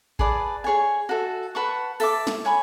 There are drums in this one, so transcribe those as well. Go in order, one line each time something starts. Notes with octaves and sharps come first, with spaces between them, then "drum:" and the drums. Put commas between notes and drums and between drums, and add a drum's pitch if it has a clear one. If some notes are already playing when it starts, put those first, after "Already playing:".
G#4 B4 D5 A5, drum: kick G#1
G#4 C#5 G#5
F#4 A4 E5
B4 F#5 A5 C#6
A4 E5 A5 D6, drum: cymbal
drum: snare
C#5 G#5 B5